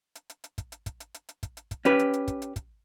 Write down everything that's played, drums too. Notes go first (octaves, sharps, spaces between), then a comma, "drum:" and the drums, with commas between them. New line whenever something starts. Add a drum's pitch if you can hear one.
drum: hi-hat
drum: hi-hat
drum: hi-hat
drum: kick, hi-hat
drum: hi-hat
drum: kick, hi-hat
drum: hi-hat
drum: hi-hat
drum: hi-hat
drum: kick, hi-hat
drum: hi-hat
drum: kick, hi-hat
C#4 G4 B4, drum: hi-hat
drum: hi-hat
drum: hi-hat
drum: kick, hi-hat
drum: hi-hat
drum: kick, hi-hat